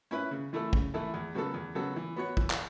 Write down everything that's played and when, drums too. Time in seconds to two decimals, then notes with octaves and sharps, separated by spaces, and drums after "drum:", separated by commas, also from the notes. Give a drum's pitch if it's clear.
0.11 C#4 E4 B4
0.31 C#3
0.53 E3 A3 E4 A4
0.73 C#3, drum: kick
0.94 E3 A3 E4 A4
1.14 E2
1.35 C#3 F#3 B3 A4
1.54 E2
1.75 C#3 F#3 B3 A4
1.96 E3
2.16 B3 F#4 C#5
2.37 E3, drum: kick
2.50 drum: clap